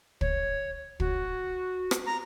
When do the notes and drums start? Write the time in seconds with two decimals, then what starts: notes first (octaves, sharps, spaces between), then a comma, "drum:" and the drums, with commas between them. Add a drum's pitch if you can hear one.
0.21 C#5, drum: kick
1.00 F#4, drum: kick
1.91 drum: rim click
2.06 A#5